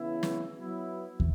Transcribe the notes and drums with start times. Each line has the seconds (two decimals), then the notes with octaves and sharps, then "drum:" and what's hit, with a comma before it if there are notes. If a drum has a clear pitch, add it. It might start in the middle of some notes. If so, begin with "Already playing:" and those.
Already playing: C#3 E3 B3 E4
0.23 drum: snare
0.55 F#3 B3 E4
1.20 drum: kick